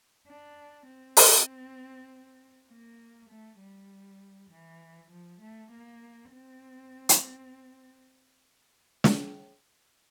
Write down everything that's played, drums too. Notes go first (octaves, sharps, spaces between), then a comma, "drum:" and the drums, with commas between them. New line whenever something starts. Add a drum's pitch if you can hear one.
D4
C4
drum: open hi-hat
A#3
A3
G3
E3
F3
A3
A#3
C4
drum: hi-hat
drum: snare